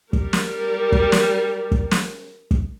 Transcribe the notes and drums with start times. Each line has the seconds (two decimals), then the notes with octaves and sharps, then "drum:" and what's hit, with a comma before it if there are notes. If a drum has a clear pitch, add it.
0.13 G3 A#4, drum: kick
0.33 drum: snare
0.92 drum: kick
1.12 drum: snare
1.72 drum: kick
1.91 drum: snare
2.51 drum: kick